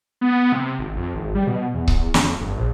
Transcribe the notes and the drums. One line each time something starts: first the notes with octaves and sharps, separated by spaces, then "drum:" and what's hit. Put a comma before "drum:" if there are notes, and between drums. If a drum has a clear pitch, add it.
B3
C3
G#1
F2
G#1
G3
B2
E2
drum: kick C#1
F2, drum: snare
G1
A#1